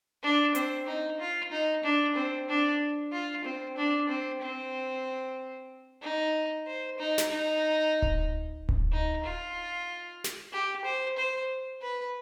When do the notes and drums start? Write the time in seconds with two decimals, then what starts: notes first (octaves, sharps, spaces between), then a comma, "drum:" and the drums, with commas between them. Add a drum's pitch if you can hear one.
0.23 D4
0.55 C4, drum: hi-hat
0.87 D#4
1.20 F4
1.52 D#4
1.84 D4
2.16 C4
2.49 D4
3.12 F4
3.45 C4
3.77 D4
4.09 C4
4.41 C4
6.02 D#4
6.67 C5
6.99 D#4
7.18 drum: snare
7.31 D#4
8.02 drum: kick D1
8.69 drum: kick D1
8.92 D#4
9.24 F4
10.24 drum: snare
10.53 G4
10.85 C5
11.17 C5
11.82 B4